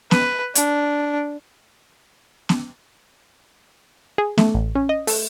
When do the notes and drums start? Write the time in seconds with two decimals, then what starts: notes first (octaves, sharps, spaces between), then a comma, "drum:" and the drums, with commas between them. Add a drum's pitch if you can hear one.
0.11 B4, drum: snare B3
0.55 D4, drum: hi-hat
2.49 drum: snare B3
4.18 G#4
4.38 A3, drum: snare B3
4.55 A1
4.75 C#4
4.89 D#5
5.07 A3, drum: open hi-hat